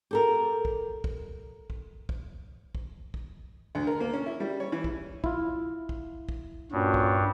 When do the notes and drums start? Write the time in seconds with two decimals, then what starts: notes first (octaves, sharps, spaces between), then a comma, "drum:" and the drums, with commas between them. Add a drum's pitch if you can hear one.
0.11 G4 A4 A#4
0.65 drum: kick
1.04 drum: kick
1.70 drum: kick
2.09 drum: kick
2.75 drum: kick
3.14 drum: kick
3.75 D2
3.87 A#4
4.00 A#3
4.13 C#4
4.26 E4
4.40 G3
4.60 C#5
4.72 E3
4.84 drum: kick
5.24 E4 F4, drum: kick
5.89 drum: kick
6.29 drum: kick
6.71 G2 A#2 C#4 F#4
6.94 drum: kick